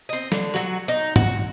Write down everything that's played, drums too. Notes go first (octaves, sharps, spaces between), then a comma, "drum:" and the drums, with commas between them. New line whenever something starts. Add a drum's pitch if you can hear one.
C4 D#5
D3, drum: snare
F#3 F#4
D#4
F#4, drum: tom G#2